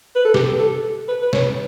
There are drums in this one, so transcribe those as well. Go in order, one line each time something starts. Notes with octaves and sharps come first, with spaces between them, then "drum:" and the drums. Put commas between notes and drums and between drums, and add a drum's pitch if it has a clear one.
B4
A4
G4, drum: snare
A4
B4
B4
C#5, drum: snare